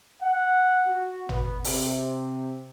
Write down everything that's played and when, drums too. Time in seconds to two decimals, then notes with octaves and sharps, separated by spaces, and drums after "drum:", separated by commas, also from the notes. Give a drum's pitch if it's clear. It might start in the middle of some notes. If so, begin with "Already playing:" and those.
0.21 F#5
0.87 F#4
1.29 B3, drum: tom G#1
1.64 C3, drum: open hi-hat